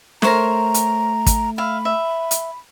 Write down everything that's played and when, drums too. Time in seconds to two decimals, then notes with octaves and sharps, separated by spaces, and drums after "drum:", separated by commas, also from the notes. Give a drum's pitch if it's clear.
0.22 A3 A#4 C5 C#5 A#5, drum: snare
0.74 drum: hi-hat
1.26 drum: kick, hi-hat
1.58 E5 F5 B5
1.85 E5
2.31 drum: hi-hat